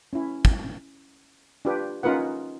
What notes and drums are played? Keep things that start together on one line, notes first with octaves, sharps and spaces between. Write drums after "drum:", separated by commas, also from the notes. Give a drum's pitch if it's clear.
C#4 E4
drum: kick
D4 F4 G4 B4
C#4 D#4 F4 A#4 B4 F#5